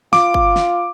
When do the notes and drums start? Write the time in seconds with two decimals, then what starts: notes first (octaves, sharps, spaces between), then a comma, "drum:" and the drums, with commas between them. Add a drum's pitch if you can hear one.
0.13 F4 D6, drum: snare
0.34 drum: kick
0.56 drum: snare